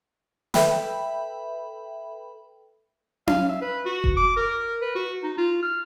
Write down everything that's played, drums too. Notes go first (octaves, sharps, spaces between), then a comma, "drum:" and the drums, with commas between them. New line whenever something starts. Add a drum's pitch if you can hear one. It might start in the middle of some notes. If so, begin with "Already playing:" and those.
A4 B4 E5 G5 B5, drum: snare
F5, drum: tom C#4
E5
B4
F#4
drum: kick F1
D6
A#4
B4
F#4
D#4
F4
F6